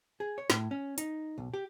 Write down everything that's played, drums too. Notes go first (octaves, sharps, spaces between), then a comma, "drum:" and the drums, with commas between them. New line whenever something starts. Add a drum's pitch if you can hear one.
G#4
C#5
A2, drum: snare
C#4
D#4, drum: hi-hat
B1
G4